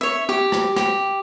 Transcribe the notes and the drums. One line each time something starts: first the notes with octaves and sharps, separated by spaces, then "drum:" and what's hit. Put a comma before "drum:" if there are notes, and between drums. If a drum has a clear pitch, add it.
C#5 E5
G4
drum: rim click
G4, drum: rim click